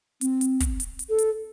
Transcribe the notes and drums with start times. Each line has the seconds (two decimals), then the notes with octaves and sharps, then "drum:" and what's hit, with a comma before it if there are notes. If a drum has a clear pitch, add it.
0.21 C4, drum: hi-hat
0.41 drum: hi-hat
0.60 drum: kick, hi-hat
0.80 drum: hi-hat
0.99 drum: hi-hat
1.09 A4
1.18 drum: hi-hat